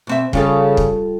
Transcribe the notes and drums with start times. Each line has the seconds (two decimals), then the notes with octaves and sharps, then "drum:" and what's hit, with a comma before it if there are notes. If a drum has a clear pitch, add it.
0.07 B2 C4 E5
0.33 C#3 G3 F4 A4, drum: kick
0.77 drum: kick